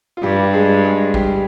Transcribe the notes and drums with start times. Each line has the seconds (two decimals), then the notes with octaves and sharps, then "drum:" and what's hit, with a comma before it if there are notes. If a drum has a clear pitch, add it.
0.17 F4
0.23 G2 G3 G4
0.53 G#3 G#4
0.84 G#3 G#4
1.14 G3 G4, drum: kick A#1